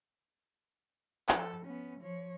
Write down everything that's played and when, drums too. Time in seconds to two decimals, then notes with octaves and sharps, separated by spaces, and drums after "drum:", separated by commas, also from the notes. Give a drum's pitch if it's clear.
1.29 F3 A4, drum: clap
1.66 B3 C#4
2.01 F3 C#5